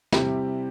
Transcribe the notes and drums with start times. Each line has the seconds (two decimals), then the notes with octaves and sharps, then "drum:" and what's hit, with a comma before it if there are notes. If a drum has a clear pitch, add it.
0.12 C3 G3 C4 E4 G4, drum: snare